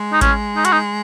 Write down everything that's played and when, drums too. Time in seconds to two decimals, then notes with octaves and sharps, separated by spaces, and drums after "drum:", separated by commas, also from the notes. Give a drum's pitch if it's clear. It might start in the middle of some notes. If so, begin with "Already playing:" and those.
Already playing: G#3
0.13 D#4
0.21 C#4, drum: kick A1, hi-hat
0.56 D#4
0.65 F#4, drum: hi-hat
0.72 D#4